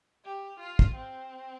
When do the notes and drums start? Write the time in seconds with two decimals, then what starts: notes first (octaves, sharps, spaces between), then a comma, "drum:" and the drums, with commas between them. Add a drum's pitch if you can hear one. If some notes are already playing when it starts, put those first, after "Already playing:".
0.25 G4
0.60 F4
0.79 drum: kick
0.95 C4